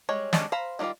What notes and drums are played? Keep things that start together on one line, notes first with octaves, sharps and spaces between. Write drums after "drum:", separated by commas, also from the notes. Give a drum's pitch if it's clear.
G3 G#3 C#5
G3 G#3 C#4 D4, drum: snare
C5 F5 A#5 B5
D#3 G3 A#3 F4 D5